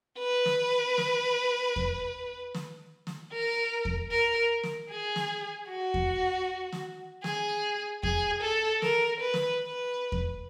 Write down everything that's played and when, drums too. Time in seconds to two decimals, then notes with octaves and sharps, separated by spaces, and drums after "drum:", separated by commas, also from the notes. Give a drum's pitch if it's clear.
0.19 B4
0.45 drum: snare
0.98 drum: snare
1.76 drum: kick E2
2.54 drum: snare
3.07 drum: snare
3.32 A#4
3.85 drum: kick E2
4.11 A#4
4.63 drum: snare
4.90 G#4
5.16 drum: snare
5.67 F#4
5.94 drum: kick E2
6.72 drum: snare
7.24 G#4, drum: snare
8.03 G#4, drum: kick E2
8.42 A4
8.82 A#4, drum: snare
9.20 B4
9.34 drum: snare
9.60 B4
10.12 drum: kick E2